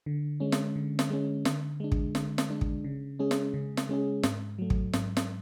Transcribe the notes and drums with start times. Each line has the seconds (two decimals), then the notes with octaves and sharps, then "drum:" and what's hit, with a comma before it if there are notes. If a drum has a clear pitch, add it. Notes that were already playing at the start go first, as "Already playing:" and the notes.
0.06 D3
0.40 G#3 C#4
0.52 drum: snare
0.76 D3
0.99 drum: snare
1.10 G#3 C#4
1.45 D3, drum: snare
1.80 G#3 D4
1.92 drum: kick
2.15 D3, drum: snare
2.38 drum: snare
2.50 G#3 D4
2.61 drum: kick
2.84 C#3
3.19 G#3 C#4 G#4
3.31 drum: snare
3.54 C#3
3.77 drum: snare
3.89 G#3 C#4 G#4
4.23 G#2, drum: snare
4.59 F#3 A3
4.70 drum: kick
4.93 G#2, drum: snare
5.17 drum: snare